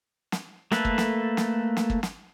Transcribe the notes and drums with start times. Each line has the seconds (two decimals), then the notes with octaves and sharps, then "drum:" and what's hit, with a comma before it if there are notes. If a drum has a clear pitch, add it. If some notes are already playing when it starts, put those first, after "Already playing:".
0.32 drum: snare
0.72 A3 A#3 A4 B4, drum: snare
0.85 drum: kick
0.98 drum: snare
1.37 drum: snare
1.77 drum: snare
1.90 drum: kick
2.03 drum: snare